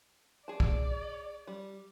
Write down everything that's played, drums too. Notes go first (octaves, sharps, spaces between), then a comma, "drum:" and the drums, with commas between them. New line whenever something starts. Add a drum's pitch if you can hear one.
G#4 D5 A5
drum: kick B1
G3